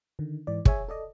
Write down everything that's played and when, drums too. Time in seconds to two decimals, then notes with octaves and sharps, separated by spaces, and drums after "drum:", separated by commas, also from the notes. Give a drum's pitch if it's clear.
0.19 D3 D#3
0.47 G#2 E3 D5
0.65 G#4 C#5 E5 G#5, drum: kick
0.88 A4 D5 D#5